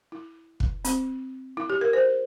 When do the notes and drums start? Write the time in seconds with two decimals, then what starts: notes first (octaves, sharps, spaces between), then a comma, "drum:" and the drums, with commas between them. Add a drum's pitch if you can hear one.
0.12 E4
0.60 drum: kick
0.85 C4, drum: hi-hat
1.57 E4
1.70 G4
1.81 A#4
1.93 C5